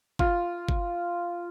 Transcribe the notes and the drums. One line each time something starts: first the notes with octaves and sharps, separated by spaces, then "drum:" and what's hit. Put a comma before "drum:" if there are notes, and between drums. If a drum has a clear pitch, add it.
F4, drum: kick
drum: kick